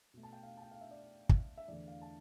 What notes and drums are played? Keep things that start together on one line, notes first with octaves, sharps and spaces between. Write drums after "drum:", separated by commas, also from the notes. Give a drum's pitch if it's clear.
B2 A3
A5
G5
F5
A5
G5
F5
E5
D5
drum: kick
E5
E2 D3 A3 D5
F5
A5